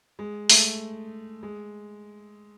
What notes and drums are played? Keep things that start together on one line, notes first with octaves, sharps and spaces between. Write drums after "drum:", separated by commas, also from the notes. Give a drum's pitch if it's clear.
G#3
A3, drum: open hi-hat
G#3